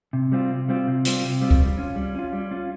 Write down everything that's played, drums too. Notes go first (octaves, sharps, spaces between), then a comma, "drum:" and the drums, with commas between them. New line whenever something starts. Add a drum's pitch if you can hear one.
C3
G3 C4 F4
C3
G3 C4 F4
C3
G3 C4 F4, drum: hi-hat
C3
G3 C4 F4
drum: kick C#2
G3
C#4 F4
G3
C#4 F4
G3
C#4 F4